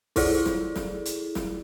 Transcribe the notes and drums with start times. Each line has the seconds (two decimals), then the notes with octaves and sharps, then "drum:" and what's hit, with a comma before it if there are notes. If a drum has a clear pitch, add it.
0.16 E4 F4 G#4 A4 D5, drum: kick C2, open hi-hat
0.46 drum: snare
0.76 drum: snare
1.05 drum: hi-hat
1.35 drum: snare